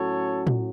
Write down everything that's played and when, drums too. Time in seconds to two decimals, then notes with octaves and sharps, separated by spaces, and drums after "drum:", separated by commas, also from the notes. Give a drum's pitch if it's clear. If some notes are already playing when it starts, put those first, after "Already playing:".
Already playing: A2 F#3 C#4 A4 C#5
0.47 drum: tom